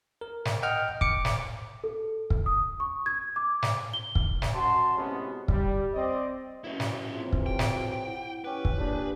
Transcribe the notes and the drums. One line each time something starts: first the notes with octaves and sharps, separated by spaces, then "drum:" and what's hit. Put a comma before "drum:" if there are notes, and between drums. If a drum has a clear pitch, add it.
A#4
drum: snare
D#5 F#5 G5 F6
D6 C#7, drum: kick
drum: snare
A4
drum: kick
D#6
C#6
G#6
D6
drum: snare
G7
drum: kick
drum: snare
F#2 F#4 A5 C6
A2 C3 G#3 B3 C#4 F#4
G3, drum: kick
C4 D5 D#5
F#2 B2 C#4 E4
drum: snare
C3 E3 F#3 C4 F4 G#4
drum: kick
F#4 G5
drum: snare
E4 F#5
C#4 G4 B4
drum: kick
A#2 D4 G4 G#4